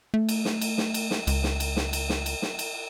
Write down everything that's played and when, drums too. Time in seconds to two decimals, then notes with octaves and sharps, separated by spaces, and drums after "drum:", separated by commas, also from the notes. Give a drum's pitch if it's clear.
0.14 A3
0.29 drum: cymbal
0.45 drum: snare
0.61 drum: cymbal
0.78 drum: snare
0.94 drum: cymbal
1.11 drum: snare
1.27 C#2, drum: cymbal
1.44 drum: snare
1.60 drum: cymbal
1.77 drum: snare
1.93 drum: cymbal
2.09 drum: snare
2.26 drum: cymbal
2.42 drum: snare
2.59 drum: cymbal